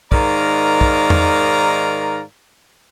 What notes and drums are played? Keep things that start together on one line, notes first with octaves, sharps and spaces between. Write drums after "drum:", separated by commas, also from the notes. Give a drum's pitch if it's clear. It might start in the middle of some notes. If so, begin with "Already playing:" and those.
G#2 D#3 A#4 D5 F5 A#5, drum: kick
drum: kick
drum: tom E2